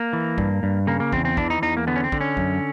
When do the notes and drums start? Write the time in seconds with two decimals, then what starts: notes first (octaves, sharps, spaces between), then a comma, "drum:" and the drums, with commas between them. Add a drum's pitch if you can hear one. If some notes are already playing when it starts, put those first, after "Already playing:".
Already playing: A#3
0.13 E3
0.38 G2, drum: kick
0.63 G2
0.87 C#3 A#3
1.00 A#3
1.13 E2 C4, drum: kick
1.25 C4
1.37 E3 D4, drum: kick
1.50 D#4
1.62 E2 D#4
1.77 A#3
1.87 D3 B3
1.96 C#4
2.04 C4
2.12 D3, drum: kick
2.21 C#4
2.37 F#2, drum: kick